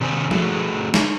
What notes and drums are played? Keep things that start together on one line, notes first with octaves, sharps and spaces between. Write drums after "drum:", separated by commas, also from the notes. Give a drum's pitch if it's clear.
C3 D#3 C4 D5 G#5
D3 A3 F#4 G#4, drum: tom F3
drum: snare